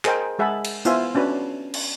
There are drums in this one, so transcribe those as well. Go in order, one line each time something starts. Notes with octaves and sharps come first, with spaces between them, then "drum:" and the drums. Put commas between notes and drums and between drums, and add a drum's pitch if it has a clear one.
G#4 A#4 C5 D#5 G5, drum: clap
G#3 G#4 E5 F#5 A5 B5
drum: cymbal
B3 E4 F4 C5 E5 G#5, drum: tambourine
C#4 D4 F#4 B4
drum: cymbal